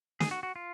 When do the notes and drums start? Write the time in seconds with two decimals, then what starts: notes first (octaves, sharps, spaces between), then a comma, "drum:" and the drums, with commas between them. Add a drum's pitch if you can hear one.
0.20 G#4, drum: snare
0.31 F#4
0.43 F#4
0.56 F4